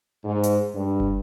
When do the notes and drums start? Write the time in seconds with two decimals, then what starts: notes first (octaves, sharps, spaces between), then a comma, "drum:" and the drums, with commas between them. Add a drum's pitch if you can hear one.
0.25 G#2
0.43 drum: hi-hat
0.75 G2
1.00 drum: kick